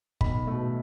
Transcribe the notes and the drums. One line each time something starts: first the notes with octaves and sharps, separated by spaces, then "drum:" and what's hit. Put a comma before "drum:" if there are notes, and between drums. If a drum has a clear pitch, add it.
B1 B5, drum: kick G1
B2 A3